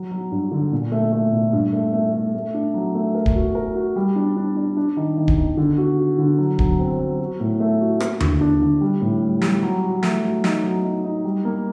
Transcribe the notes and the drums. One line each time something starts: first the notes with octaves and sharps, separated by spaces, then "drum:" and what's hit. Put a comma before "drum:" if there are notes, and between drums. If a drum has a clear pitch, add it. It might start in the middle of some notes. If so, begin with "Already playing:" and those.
Already playing: F#3
F#3
G2
D3
A#2
A3
A3
A#2
G2
A3
A3
A3
A3
D4
F#3
A3
A#4
drum: kick D1
F#4
A#4
F#4
G3
D4
D4
D4
D4
D#3
D#3
drum: kick D1
D#3
D3
F#4
F#4
D3
F#3
F#3, drum: kick D1
C4
F#3
F#4
A2
A3
F#4
A#3, drum: rim click
D3, drum: tom D#2
D4
D3
G3
A2
G3
G3, drum: snare
F#3
F#4
A3, drum: snare
F#3
D#4, drum: snare
F#3
D#4
D#4
G3
A#3